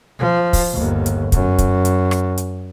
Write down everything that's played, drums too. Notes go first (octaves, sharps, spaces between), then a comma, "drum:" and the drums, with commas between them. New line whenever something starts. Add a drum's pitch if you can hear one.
F3
drum: kick, open hi-hat
G1 D#2
drum: hi-hat
F#2, drum: kick, hi-hat
drum: kick, hi-hat
drum: hi-hat
drum: rim click
drum: hi-hat